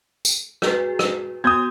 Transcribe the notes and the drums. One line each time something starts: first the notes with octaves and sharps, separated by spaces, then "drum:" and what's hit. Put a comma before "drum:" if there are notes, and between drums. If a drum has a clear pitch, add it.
drum: tambourine
F#4 G#4 B4, drum: rim click
drum: rim click
B3 F#4 D#6 G6 G#6